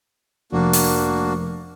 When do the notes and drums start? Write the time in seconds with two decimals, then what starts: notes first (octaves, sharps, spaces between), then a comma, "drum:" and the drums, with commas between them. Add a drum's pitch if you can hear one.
0.52 F1 A#3 D4 F#4
0.73 drum: open hi-hat